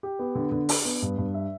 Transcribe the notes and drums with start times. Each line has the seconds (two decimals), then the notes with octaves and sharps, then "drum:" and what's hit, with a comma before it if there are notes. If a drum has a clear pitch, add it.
0.03 G4
0.19 B3
0.35 D3
0.52 D3
0.69 D4, drum: open hi-hat
0.85 B3
1.02 G2
1.18 G2
1.34 E5